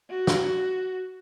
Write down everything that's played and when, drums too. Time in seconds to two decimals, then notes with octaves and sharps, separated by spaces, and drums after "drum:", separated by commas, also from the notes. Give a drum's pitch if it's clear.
0.10 F#4
0.27 drum: snare